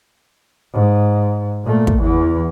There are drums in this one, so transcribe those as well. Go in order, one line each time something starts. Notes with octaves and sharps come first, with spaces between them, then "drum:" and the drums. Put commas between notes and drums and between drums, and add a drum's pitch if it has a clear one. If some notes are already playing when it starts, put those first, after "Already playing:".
G#2
A#2 A3
drum: kick
E2 E3